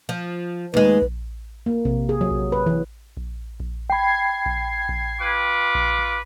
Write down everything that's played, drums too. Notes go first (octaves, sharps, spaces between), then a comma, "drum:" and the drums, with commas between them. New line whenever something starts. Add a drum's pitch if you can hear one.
F3
D#2 G#3 B4
drum: kick A#1
A#3
C3, drum: kick A#1
G#4
F#3
drum: kick A#1
B4
E3
drum: kick A#1
drum: kick A#1
G5 B5 G#6 C7
drum: kick A#1
drum: kick A#1
F4 B4 D6
drum: kick A#1